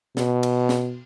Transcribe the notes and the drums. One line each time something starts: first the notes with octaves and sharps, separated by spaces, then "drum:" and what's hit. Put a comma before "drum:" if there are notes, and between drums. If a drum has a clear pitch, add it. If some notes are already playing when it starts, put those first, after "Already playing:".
B2, drum: snare
drum: cymbal
drum: snare